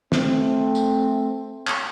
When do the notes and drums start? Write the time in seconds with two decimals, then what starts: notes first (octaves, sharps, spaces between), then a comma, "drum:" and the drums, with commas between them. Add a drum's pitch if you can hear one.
0.12 A3 C4, drum: snare
0.75 drum: tambourine
1.68 drum: clap